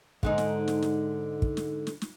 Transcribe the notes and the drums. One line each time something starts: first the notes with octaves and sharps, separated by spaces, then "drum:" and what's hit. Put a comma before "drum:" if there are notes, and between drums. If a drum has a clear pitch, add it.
G#2 D3 D#4, drum: kick
drum: snare
drum: snare
drum: snare
drum: kick
drum: snare
drum: snare
drum: snare